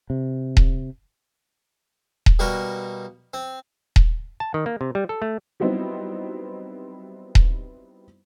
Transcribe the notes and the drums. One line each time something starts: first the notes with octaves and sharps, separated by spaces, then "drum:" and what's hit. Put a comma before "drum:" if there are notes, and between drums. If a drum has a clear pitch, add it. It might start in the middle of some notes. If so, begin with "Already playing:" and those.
C3
drum: kick D#1
drum: kick D#1
B2 G3 A#3 F#4 A#4
C4
drum: kick D#1
A5
D#3
A#3
C3
G3
A4
A3
F#3 G3 B3 C4 D#4 E4
drum: kick D#1